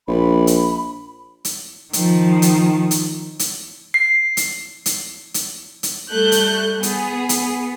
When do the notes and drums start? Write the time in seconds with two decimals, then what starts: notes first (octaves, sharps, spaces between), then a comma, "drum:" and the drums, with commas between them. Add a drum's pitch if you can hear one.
0.08 A#1 B5
0.47 drum: hi-hat
1.45 drum: hi-hat
1.93 D#3 F3, drum: hi-hat
2.42 drum: hi-hat
2.91 drum: hi-hat
3.39 drum: hi-hat
3.94 C7
4.37 drum: hi-hat
4.86 drum: hi-hat
5.34 drum: hi-hat
5.83 drum: hi-hat
6.12 G3 A3 F#6 G6
6.32 drum: hi-hat
6.83 B3 G#4, drum: hi-hat
7.29 drum: hi-hat